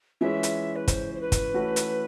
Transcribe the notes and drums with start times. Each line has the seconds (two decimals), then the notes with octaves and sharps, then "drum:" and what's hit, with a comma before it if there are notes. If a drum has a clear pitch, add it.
0.21 E3 G#3 C#4 E5
0.43 drum: hi-hat
0.76 B4
0.88 C5, drum: kick, hi-hat
1.15 C5
1.21 B4
1.32 drum: kick, hi-hat
1.54 E3 A3 C#4 F#4
1.76 drum: hi-hat